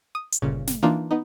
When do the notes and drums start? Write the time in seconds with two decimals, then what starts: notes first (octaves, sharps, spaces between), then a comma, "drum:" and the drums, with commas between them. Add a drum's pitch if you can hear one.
0.15 D#6
0.32 drum: hi-hat
0.42 G1 A#2 C#3
0.67 drum: snare
0.83 E3 A#3 D4 D#4 F4
1.11 B3 D#4